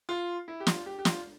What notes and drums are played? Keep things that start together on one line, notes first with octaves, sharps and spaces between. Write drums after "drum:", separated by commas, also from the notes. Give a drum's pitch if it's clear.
F4
E4
G4
F4, drum: snare
G4
G4
F4, drum: snare